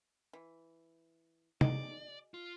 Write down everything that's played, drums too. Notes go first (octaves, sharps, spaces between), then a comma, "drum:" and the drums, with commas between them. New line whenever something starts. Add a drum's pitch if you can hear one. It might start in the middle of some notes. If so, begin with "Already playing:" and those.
E3
F#4 G#4 D5 D#5, drum: tom C3
F4